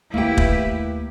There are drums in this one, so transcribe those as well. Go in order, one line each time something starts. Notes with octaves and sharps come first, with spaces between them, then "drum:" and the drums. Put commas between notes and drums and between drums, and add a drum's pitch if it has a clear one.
D#2 A3 A#3 E4 G4 B4 G5
drum: kick